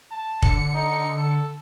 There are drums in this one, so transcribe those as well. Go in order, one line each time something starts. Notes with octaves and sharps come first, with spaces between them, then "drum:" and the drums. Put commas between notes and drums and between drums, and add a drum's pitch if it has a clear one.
A5
D3 C#7, drum: kick
D#4
A4